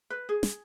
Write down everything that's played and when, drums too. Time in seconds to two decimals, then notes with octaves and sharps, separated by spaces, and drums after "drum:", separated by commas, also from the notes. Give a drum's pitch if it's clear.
0.10 B4
0.29 G#4
0.43 drum: snare